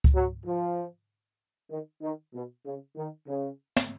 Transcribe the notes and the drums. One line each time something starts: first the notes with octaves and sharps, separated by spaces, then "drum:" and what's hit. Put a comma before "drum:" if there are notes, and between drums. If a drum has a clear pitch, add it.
drum: kick C#2
F#3
F3
D#3
D#3
B2
C#3
D#3
C#3
drum: snare